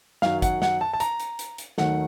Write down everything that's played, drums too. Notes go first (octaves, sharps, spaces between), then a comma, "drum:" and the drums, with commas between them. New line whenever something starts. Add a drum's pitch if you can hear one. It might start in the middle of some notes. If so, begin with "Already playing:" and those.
F#2 D#3 F#3 F5, drum: snare
F#5, drum: kick, hi-hat
F#5, drum: snare
A5
A5
A#5, drum: hi-hat
drum: hi-hat
drum: hi-hat
drum: hi-hat
D#2 D#3 F#3 A3 F#5, drum: snare